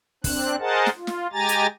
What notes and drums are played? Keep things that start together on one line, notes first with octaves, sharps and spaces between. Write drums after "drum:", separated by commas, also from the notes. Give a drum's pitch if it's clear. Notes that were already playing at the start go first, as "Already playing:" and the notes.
C4 D4 F#6, drum: kick, open hi-hat
G#4 A#4 C5 D#5 F#5 A5
drum: snare
F4
drum: snare
G#3 G4 G#5 A#5 A6
drum: hi-hat